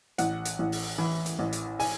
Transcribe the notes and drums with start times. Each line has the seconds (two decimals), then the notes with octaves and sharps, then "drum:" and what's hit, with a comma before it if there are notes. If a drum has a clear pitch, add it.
0.18 A1 F#5, drum: hi-hat
0.45 drum: hi-hat
0.59 A1
0.72 drum: open hi-hat
0.98 E3
1.26 drum: hi-hat
1.39 A1
1.53 drum: hi-hat
1.80 G#5, drum: open hi-hat